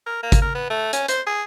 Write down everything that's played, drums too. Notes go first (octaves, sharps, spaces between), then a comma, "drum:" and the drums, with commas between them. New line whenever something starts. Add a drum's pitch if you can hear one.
A#4
A#3
drum: kick G#1, hi-hat
A#4
B3
A3
C#4, drum: hi-hat
C5, drum: hi-hat
G#4